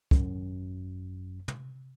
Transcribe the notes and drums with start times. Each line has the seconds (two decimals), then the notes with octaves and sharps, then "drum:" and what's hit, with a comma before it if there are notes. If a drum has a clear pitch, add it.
0.11 G#1 F#2, drum: kick
1.48 drum: tom